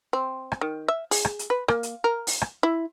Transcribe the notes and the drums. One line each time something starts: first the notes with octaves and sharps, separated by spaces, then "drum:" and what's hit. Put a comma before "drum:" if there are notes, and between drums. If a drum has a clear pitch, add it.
C4
drum: rim click
D#3
E5
G#4, drum: open hi-hat
drum: rim click
drum: hi-hat
B4
A#3, drum: rim click
drum: hi-hat
A#4
drum: open hi-hat
drum: rim click
E4